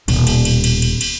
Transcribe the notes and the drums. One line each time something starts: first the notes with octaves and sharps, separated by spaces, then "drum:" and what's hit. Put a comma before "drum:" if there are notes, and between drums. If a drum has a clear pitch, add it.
D#1 B2, drum: cymbal
drum: cymbal
drum: cymbal
drum: cymbal
drum: cymbal
drum: cymbal